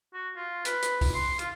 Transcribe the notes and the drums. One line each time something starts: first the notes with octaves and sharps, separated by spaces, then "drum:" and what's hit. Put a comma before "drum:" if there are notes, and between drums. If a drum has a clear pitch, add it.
F#4
F4
B4, drum: hi-hat
drum: hi-hat
drum: kick, open hi-hat
C6
F4, drum: hi-hat